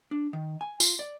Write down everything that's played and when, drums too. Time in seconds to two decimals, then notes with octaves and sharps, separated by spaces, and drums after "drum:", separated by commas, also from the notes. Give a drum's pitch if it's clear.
0.11 D4
0.33 D#3
0.61 G#5
0.80 F4, drum: tambourine
0.99 D5